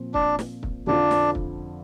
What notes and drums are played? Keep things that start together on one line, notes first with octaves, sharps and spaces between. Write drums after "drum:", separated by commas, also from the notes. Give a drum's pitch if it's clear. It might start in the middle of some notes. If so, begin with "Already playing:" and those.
Already playing: A#2 F3 C4
D4, drum: kick
drum: snare
drum: kick
F2 D3 F3 D4
drum: snare
drum: kick